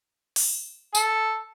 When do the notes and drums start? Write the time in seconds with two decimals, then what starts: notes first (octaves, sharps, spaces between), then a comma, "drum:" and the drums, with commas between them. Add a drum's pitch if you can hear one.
0.36 drum: open hi-hat
0.95 A4, drum: tambourine